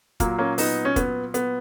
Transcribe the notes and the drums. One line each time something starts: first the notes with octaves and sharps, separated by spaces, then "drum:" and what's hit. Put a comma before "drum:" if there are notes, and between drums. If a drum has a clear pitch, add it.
A#2 F#3 A#3, drum: kick, hi-hat
A#3 C#4
B3 D#4, drum: open hi-hat
C#4
B3, drum: kick, hi-hat
B3, drum: hi-hat